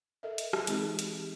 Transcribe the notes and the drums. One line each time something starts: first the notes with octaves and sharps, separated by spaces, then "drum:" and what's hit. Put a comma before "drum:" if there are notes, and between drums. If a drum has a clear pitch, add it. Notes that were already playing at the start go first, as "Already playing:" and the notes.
A4 A#4 D#5 E5
drum: hi-hat
drum: rim click
E3 G#3 C4 D#4 G4 G#4, drum: hi-hat
drum: hi-hat